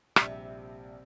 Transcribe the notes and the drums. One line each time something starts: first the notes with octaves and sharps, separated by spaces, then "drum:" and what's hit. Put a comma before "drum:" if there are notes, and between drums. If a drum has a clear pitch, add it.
A#1 C3 G3 E5, drum: rim click